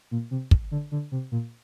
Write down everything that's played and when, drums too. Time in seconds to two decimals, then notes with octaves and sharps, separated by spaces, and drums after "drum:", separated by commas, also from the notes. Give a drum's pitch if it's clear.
0.11 A#2
0.31 C3
0.51 drum: kick
0.71 D3
0.92 D3
1.12 C3
1.32 A#2